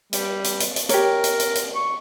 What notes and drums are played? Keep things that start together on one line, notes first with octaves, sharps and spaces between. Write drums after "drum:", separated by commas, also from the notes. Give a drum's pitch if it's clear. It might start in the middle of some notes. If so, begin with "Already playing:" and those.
G3, drum: hi-hat
drum: hi-hat
drum: hi-hat
drum: hi-hat
G4 A#4 C#5, drum: hi-hat
drum: hi-hat
drum: hi-hat
drum: hi-hat
C#6